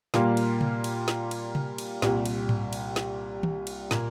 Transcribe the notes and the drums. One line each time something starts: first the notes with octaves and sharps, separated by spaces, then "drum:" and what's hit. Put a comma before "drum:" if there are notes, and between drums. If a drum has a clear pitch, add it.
A#2 G3 A#3 F4, drum: snare
drum: cymbal
drum: tom C3
drum: cymbal
drum: snare
drum: cymbal
drum: tom C3
drum: cymbal
C2 A#2 G3, drum: snare
drum: cymbal
drum: tom G#2
drum: cymbal
drum: snare
drum: tom
drum: cymbal
A#2 A#3, drum: snare